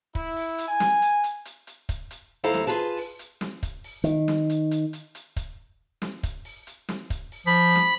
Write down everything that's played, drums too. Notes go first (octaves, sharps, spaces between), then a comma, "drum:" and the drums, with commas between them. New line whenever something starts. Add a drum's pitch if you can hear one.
E4, drum: kick
drum: open hi-hat
drum: hi-hat
G#5
drum: snare
drum: hi-hat
drum: hi-hat
drum: hi-hat
drum: hi-hat
drum: kick, hi-hat
drum: hi-hat
D#2 E4 A4 C5 F5 A#5
drum: snare
F4 G#4 B4 A5
drum: open hi-hat
drum: hi-hat
drum: snare
drum: kick, hi-hat
drum: open hi-hat
D#3, drum: hi-hat
drum: snare
drum: hi-hat
drum: hi-hat
drum: hi-hat
drum: hi-hat
drum: kick, hi-hat
drum: snare
drum: kick, hi-hat
drum: open hi-hat
drum: hi-hat
drum: snare
drum: kick, hi-hat
drum: open hi-hat
F3 B5
drum: snare